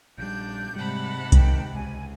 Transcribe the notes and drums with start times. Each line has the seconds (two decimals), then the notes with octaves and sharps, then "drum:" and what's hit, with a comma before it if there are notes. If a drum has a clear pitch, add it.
0.18 A#1 G3 D4 G6
0.76 G#2 C3 G3 F#5 A5 B5
1.32 D#3 G5, drum: kick B1, hi-hat
1.75 C#2 G#5